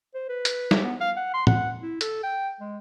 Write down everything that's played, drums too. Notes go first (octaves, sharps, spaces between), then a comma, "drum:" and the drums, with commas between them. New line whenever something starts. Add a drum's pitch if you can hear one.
C5
B4
drum: hi-hat
drum: snare
B3
F5
F#5
C6
F#5, drum: tom
E4
A4, drum: hi-hat
G5
G#3